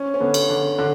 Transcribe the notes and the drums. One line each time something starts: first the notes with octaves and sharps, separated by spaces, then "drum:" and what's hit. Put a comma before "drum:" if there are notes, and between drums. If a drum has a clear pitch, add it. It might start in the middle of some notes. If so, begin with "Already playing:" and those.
Already playing: C#4
C#4
D3 B3
drum: cymbal
D3
D3